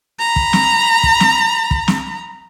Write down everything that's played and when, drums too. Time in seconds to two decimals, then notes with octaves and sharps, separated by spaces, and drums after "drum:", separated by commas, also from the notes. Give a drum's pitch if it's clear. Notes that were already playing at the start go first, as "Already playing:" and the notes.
0.19 A#5 B5
0.36 drum: kick
0.53 drum: snare
1.03 drum: kick
1.20 drum: snare
1.71 drum: kick
1.88 drum: snare